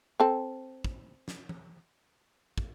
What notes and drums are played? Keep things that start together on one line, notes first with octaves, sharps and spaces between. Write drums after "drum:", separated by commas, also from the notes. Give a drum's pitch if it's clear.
C4 A4
drum: kick
drum: snare
drum: tom E3
drum: kick